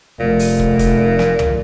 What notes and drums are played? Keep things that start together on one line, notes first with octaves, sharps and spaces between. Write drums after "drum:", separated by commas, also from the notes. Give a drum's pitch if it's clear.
F1 A#2
drum: open hi-hat
drum: kick
drum: kick, hi-hat
drum: snare
drum: tom